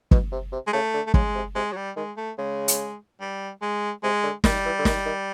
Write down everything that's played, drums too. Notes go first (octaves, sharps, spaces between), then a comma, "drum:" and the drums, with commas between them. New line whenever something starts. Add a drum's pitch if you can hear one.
B2, drum: kick
C3
C3
G#3
C#3 A3
D3
A3
C#3 G#3, drum: kick
C3
C3 G#3
F#3
G3
D#3 G#3
A3
C#3 G#3
drum: hi-hat
G3
G#3
C3 G#3
D3
D#3 G3, drum: snare
E3
D3
D#3, drum: snare
D#3